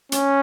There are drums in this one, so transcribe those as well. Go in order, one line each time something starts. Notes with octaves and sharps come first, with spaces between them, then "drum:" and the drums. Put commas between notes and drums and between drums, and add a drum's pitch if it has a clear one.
C#4, drum: hi-hat